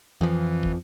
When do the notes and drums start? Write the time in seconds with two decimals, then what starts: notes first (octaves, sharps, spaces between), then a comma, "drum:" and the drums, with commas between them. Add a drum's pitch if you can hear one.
0.21 F2 E3 F3
0.63 drum: kick